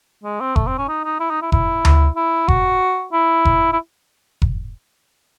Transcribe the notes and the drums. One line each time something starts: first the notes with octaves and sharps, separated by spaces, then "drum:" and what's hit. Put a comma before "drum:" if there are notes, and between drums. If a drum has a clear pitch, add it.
G#3
C4
A3, drum: kick F1
C4
C#4
D#4
D#4
E4
D#4
E4
E4, drum: kick F1
drum: tom D2
E4
F#4, drum: kick F1
E4
drum: kick F1
E4
drum: kick F1